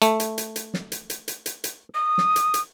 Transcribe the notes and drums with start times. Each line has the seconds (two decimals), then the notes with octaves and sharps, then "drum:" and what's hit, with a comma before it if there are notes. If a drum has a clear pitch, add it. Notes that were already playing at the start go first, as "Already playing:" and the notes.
0.02 A3, drum: hi-hat
0.20 drum: hi-hat
0.38 drum: hi-hat
0.56 drum: hi-hat
0.74 drum: snare
0.92 drum: hi-hat
1.10 drum: hi-hat
1.28 drum: hi-hat
1.46 drum: hi-hat
1.64 drum: hi-hat
1.95 D#6
2.18 drum: snare
2.36 drum: hi-hat
2.54 drum: hi-hat